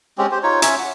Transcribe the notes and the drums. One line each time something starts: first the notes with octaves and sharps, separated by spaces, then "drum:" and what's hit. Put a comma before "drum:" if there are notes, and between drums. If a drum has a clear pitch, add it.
G#3 C4 C#4 G4
G4 C5
D#4 F4 C#5
C#4 C#5 E5, drum: hi-hat
F#5